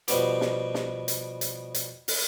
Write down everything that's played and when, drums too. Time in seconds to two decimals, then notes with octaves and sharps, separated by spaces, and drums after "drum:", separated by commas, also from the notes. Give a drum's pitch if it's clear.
0.08 B2 F3 G3 B3 G4, drum: hi-hat
0.41 drum: snare
0.75 drum: snare
1.08 drum: hi-hat
1.41 drum: hi-hat
1.74 drum: hi-hat
2.08 drum: open hi-hat